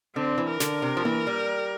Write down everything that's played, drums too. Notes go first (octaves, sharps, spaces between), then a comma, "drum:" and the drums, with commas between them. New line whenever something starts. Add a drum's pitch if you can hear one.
D3 C4
E3
A#4
D3, drum: snare
C3
F3
E3, drum: tom A#3
G3